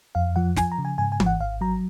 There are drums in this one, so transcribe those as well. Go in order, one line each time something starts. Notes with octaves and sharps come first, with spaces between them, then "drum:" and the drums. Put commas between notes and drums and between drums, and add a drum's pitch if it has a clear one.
F2 F5
F3 F#5
F3 G#5, drum: snare
A#5
C#3
G#5
G#2 G#5
G#5
G#1, drum: tom E3
F#5
G#1 F5
F#3 A#5